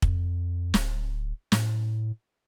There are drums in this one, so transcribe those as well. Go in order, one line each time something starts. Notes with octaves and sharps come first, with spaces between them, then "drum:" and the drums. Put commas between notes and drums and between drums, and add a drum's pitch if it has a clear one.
F2, drum: kick
D1, drum: snare
A2, drum: snare